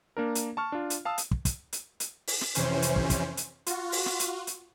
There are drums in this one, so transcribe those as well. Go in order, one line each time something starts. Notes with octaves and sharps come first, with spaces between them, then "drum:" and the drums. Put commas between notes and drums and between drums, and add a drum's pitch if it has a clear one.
A#3 D4 A#4
drum: hi-hat
A5 C#6 F6
D4 F4
drum: hi-hat
F5 A5 D#6 E6
drum: hi-hat
drum: kick
drum: kick, hi-hat
drum: hi-hat
drum: hi-hat
drum: open hi-hat
drum: snare
F2 C3 E3 C#4 C5, drum: hi-hat
drum: hi-hat
drum: kick
drum: kick, hi-hat
drum: hi-hat
F4 F#4, drum: hi-hat
drum: open hi-hat
drum: snare
drum: hi-hat
drum: hi-hat